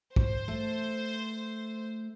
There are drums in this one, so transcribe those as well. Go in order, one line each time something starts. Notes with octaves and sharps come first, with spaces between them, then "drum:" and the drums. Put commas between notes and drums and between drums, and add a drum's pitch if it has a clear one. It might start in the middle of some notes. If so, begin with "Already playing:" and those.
C5, drum: kick
A3